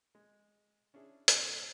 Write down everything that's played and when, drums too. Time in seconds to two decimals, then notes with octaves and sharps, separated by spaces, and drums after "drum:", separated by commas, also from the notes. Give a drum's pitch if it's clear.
0.15 G#3
0.94 C#4 D4 E4 G#4
1.28 C#2 G#2 B2 D5 G#5, drum: hi-hat